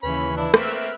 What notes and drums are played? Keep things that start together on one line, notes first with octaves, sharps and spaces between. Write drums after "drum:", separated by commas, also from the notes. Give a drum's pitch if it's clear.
D#2 C#3 E3 C#4 B4 B5
D4 E4
A3 A#3 C4 E5 F6 F#6, drum: rim click